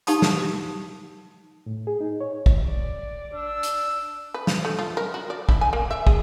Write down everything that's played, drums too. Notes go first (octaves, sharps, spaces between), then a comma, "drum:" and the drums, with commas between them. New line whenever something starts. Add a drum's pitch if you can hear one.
D#4 G4 A5 D#6, drum: hi-hat
drum: snare
A2
G#4
D#4
C#5
drum: kick
D5
D4 E6
drum: hi-hat
B4
F3, drum: snare
A3
F4
A#4
F#4
D5
E4, drum: kick
G#5
A#3
E5
G#4, drum: kick